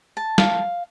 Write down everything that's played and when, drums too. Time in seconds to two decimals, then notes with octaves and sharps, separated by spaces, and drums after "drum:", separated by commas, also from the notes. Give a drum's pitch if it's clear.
0.17 A5
0.38 F5, drum: snare